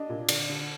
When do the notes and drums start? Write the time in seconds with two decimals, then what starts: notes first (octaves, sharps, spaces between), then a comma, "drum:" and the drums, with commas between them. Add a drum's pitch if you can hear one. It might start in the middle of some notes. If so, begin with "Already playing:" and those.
Already playing: D4 D#5
0.09 A#2
0.29 D3 D5, drum: cymbal
0.49 D3